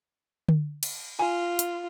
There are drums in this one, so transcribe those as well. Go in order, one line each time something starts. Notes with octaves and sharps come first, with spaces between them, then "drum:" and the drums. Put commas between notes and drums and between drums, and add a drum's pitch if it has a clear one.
drum: tom D3
drum: cymbal
F4 G#5
drum: hi-hat